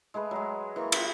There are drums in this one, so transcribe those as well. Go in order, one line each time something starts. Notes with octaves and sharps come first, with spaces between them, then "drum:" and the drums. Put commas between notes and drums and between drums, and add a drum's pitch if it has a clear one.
G#3 A3 G#4 B4
F#3 G#3
E3 A#3 C#6
F4 B4, drum: cymbal